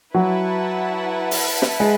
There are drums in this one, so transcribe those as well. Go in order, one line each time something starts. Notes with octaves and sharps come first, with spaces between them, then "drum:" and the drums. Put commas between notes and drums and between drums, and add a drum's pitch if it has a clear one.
F#3 E4 B4 F#5 A5
drum: open hi-hat
drum: snare
G#3